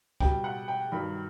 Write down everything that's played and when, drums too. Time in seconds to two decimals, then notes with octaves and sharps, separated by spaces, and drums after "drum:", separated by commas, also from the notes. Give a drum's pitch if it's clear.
0.20 B2 G3 G5, drum: kick
0.44 F#5
0.68 G5
0.92 G2 D#3 F#3 B5